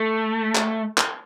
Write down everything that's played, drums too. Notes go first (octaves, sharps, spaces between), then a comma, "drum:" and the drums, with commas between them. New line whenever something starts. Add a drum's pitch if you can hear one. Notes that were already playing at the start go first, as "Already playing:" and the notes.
Already playing: A3
drum: clap
drum: clap